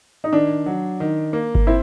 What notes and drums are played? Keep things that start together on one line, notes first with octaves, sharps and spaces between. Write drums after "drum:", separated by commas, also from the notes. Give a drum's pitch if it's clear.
D#4
D#3 D4
F#3
D#3
A#3
drum: kick G1
C4 E4